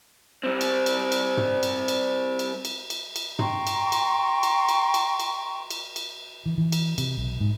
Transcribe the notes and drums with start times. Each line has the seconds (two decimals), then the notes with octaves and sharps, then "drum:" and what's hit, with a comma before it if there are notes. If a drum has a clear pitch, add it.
0.43 G3 C4
0.61 drum: cymbal
0.86 drum: cymbal
1.12 drum: cymbal
1.37 drum: tom
1.63 drum: cymbal
1.88 drum: cymbal
2.39 drum: cymbal
2.65 drum: cymbal
2.90 drum: cymbal
3.16 drum: cymbal
3.39 G5 A#5 C6 C#6, drum: tom
3.67 drum: cymbal
3.92 drum: cymbal
4.43 drum: cymbal
4.69 drum: cymbal
4.94 drum: cymbal
5.20 drum: cymbal
5.70 drum: cymbal
5.96 drum: cymbal
6.46 E3
6.58 E3
6.72 drum: cymbal
6.98 C3, drum: cymbal
7.17 B1
7.40 G#2